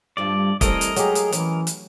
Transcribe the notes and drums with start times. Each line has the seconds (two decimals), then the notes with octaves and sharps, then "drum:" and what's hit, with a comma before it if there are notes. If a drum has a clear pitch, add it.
0.17 D2 G2 F3 D5
0.61 E3 G3 A3 C4 A#4 D#5, drum: kick, hi-hat
0.81 drum: hi-hat
0.96 F#3 G#3 G4 G#4, drum: hi-hat
1.15 drum: hi-hat
1.32 E3 C#4, drum: hi-hat
1.67 drum: hi-hat